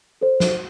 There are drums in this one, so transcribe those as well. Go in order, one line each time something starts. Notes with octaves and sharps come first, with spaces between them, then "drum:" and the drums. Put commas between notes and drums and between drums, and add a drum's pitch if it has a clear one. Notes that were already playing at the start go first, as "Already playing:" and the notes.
A4 C5
drum: snare